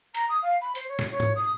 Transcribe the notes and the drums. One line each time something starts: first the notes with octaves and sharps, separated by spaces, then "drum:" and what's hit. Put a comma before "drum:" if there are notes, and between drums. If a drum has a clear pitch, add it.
A#5, drum: hi-hat
D#6
F5
B5
C5, drum: hi-hat
C#5
drum: snare
C#5
drum: tom G#2
D#6